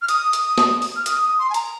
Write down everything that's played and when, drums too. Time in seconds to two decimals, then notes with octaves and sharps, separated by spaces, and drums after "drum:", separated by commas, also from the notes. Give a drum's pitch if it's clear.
0.02 F6
0.09 D#6, drum: hi-hat
0.33 drum: hi-hat
0.58 drum: snare
0.82 drum: open hi-hat
0.96 F6
1.06 D#6, drum: hi-hat
1.23 D#6
1.39 C6
1.50 G#5
1.54 A#5, drum: hi-hat